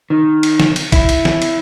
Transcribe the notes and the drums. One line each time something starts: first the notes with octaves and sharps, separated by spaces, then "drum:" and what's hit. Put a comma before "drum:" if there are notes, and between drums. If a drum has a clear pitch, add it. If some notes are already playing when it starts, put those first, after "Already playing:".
D#3
drum: cymbal
drum: snare
drum: cymbal
E4, drum: kick, cymbal
drum: cymbal
drum: snare
drum: cymbal